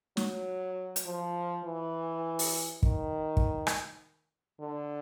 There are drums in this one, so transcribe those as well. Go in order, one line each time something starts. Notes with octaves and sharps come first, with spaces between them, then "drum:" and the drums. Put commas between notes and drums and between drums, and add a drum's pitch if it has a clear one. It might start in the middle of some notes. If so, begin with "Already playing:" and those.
F#3, drum: snare
drum: hi-hat
F3
E3
drum: open hi-hat
D#3, drum: kick
drum: kick
drum: rim click
D3